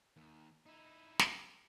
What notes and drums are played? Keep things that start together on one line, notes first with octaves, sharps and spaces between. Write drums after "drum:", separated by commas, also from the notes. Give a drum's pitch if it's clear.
D#2
D#4 E4
drum: snare